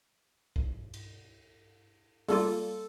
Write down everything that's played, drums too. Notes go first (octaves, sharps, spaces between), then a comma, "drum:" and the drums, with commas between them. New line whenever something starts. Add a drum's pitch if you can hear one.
drum: kick
drum: cymbal
G3 A#3 F4 A4, drum: open hi-hat